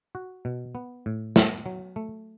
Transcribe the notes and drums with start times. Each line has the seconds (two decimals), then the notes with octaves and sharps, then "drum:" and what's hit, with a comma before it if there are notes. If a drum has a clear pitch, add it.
0.15 F#4
0.45 B2
0.75 B3
1.06 A2
1.36 B3, drum: snare
1.66 F#3
1.96 A3